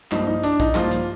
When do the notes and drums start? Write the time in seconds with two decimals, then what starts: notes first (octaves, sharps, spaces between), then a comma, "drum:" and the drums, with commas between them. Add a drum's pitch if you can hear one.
0.11 G2 F3 A#3 D#4, drum: clap
0.27 D#4
0.43 D4, drum: hi-hat
0.60 D#4, drum: kick, hi-hat
0.75 G2 F3 A#3 F4, drum: clap
0.91 drum: hi-hat